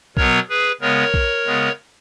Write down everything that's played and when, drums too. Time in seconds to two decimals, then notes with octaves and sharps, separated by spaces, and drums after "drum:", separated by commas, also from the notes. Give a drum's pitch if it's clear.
0.17 B2 F#3 B3 A#4 C#5, drum: kick A#1
0.49 G#4 B4
0.81 C#3 G#3 B3 A#4 C#5
1.14 drum: kick A#1
1.46 C#3 G#3 B3